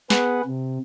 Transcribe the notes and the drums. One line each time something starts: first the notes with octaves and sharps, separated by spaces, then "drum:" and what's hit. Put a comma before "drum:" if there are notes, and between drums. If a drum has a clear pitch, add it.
B3 G#4 B4 F#5, drum: snare
C3